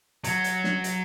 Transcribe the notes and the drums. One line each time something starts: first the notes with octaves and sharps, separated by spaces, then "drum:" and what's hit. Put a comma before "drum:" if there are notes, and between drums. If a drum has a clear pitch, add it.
F#3, drum: hi-hat
drum: hi-hat
drum: snare
drum: hi-hat